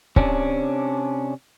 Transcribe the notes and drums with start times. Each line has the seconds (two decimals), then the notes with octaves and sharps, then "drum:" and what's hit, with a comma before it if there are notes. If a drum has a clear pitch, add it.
0.16 C3 C#4 D4, drum: kick